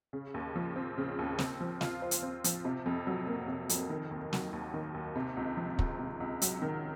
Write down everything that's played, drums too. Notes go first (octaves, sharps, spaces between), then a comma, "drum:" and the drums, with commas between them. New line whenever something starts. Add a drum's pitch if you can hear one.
C#3
D#2
F3
C4
C#3
D#2
C4, drum: snare
F3
F4, drum: snare
C5
drum: hi-hat
C4
F3, drum: hi-hat
C3
F2
F#3
A#3
C3
F2, drum: hi-hat
D#3
D#2
F#3, drum: snare
D#2
D#3
D#2
C3
C#2
F3
C#2, drum: kick
C3
C#2
F#3, drum: hi-hat
D#3